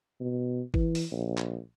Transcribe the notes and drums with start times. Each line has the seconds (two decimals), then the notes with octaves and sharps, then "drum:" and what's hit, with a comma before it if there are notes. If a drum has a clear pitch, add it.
0.20 B2
0.74 E3, drum: kick
0.95 drum: open hi-hat
1.12 A#1
1.38 drum: clap